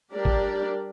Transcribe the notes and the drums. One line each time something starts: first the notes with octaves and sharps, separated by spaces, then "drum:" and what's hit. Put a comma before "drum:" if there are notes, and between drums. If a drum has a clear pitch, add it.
G3 D4 G4 A#4 D5
drum: kick